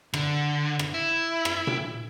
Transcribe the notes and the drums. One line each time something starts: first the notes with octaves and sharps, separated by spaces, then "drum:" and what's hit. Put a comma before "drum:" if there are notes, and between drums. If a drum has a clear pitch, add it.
D3, drum: rim click
drum: rim click
E4
drum: rim click
drum: tom A#2